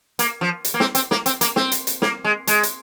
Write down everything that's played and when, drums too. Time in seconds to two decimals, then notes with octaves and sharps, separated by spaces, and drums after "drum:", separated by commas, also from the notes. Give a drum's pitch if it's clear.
0.19 A#3, drum: hi-hat
0.41 F3
0.65 drum: hi-hat
0.74 A#3
0.80 C4, drum: snare
0.95 C4, drum: hi-hat
1.11 A#3, drum: snare
1.26 C4, drum: hi-hat
1.41 A#3, drum: hi-hat
1.56 C4, drum: snare
1.72 drum: hi-hat
1.87 drum: hi-hat
2.02 A#3, drum: snare
2.25 G#3
2.47 G#3, drum: hi-hat
2.63 drum: hi-hat